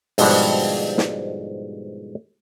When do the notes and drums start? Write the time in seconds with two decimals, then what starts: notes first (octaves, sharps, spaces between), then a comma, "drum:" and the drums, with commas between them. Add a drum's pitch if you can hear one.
0.18 G#2 B2 D3 F3 G3, drum: open hi-hat
0.98 drum: snare